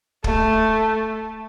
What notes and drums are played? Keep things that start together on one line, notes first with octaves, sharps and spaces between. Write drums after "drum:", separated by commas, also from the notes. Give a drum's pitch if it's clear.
A3, drum: kick